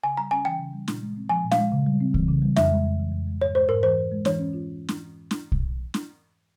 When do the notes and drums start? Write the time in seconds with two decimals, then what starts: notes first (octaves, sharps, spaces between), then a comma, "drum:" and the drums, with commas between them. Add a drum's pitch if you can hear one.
0.03 C#3 G#5
0.17 G3 A#5
0.31 C#4 G#5
0.45 E3 G5
0.59 C#3
0.73 G3
0.88 A#2, drum: snare
1.02 G#3
1.16 C4
1.29 F3 G#5
1.44 A#2
1.52 F5, drum: snare
1.58 G#3
1.72 C#3
1.87 G3
2.01 C4
2.14 E3, drum: kick B1
2.28 C#3
2.42 G3
2.56 F2 E5, drum: snare
2.70 G#3
2.85 F2
2.99 E3
3.12 F2
3.27 G#3
3.40 G#2 C#5
3.55 G#3 C5
3.69 G#2 A#4
3.83 E3 C5
3.97 G#2
4.12 G#3
4.25 E3 C#5, drum: snare
4.39 C#4
4.54 F4
4.89 drum: snare
5.31 drum: snare
5.52 drum: kick B1
5.94 drum: snare